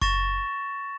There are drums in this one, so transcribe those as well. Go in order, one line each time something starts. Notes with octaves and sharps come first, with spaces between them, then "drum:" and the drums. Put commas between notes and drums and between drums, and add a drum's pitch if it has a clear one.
C#6 A6 A#6 E7, drum: kick F#1